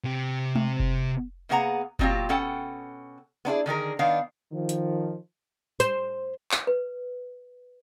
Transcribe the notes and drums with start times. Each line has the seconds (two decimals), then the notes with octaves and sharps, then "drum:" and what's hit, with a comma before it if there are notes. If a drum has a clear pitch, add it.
0.04 C3 G4
0.55 drum: tom G#3
0.80 drum: kick F#1
1.49 C3 A#3 B3 G#4 F#5 A#5
1.99 A#2 F#3 C4 D#4 F4 G4, drum: kick F#1
2.29 B2 C#4 A4 F#5 G5
3.45 B3 D4 E4 G#4
3.66 D3 D#3 G#4 A#4
3.99 D#3 B3 D4 F5
4.52 D#3 F3
4.69 drum: hi-hat
5.80 C5, drum: hi-hat
6.51 drum: clap
6.67 B4